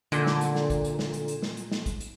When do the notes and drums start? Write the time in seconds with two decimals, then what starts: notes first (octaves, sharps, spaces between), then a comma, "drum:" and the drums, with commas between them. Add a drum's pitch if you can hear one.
0.12 A#2 D3, drum: hi-hat
0.26 drum: snare
0.41 drum: hi-hat
0.55 drum: snare
0.70 drum: kick, hi-hat
0.84 drum: hi-hat
0.99 drum: snare
1.13 drum: hi-hat
1.28 drum: hi-hat
1.42 drum: snare
1.57 drum: hi-hat
1.71 drum: snare
1.86 drum: kick, hi-hat
2.00 drum: hi-hat